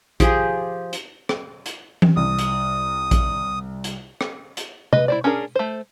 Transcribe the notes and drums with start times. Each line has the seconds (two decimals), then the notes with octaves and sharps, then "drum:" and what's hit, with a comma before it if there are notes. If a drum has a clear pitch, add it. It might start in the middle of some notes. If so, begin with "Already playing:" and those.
0.20 F3 G4 G#4, drum: kick A#1, hi-hat
0.93 drum: hi-hat
1.29 drum: rim click
1.66 drum: hi-hat
2.02 drum: tom E3
2.16 C2 D#6
2.39 drum: hi-hat
3.11 drum: kick A#1, hi-hat
3.84 drum: hi-hat
4.21 drum: rim click
4.57 drum: hi-hat
4.93 B4 D#5, drum: tom C3
5.08 E4 C5 D5
5.24 C#4 D4 G#4 A#4
5.55 A3 C5